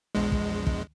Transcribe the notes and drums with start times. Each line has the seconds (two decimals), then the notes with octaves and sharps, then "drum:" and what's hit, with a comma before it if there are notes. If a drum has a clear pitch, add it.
0.15 A#1 E2 G#3
0.32 drum: kick
0.67 drum: kick